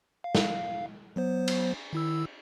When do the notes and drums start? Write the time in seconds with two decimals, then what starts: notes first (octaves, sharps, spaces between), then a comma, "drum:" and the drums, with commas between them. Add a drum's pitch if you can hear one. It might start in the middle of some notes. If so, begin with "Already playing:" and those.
0.24 F5
0.35 drum: snare
1.16 F#3 B3 C5
1.48 drum: cymbal
1.93 D#3 E4 E6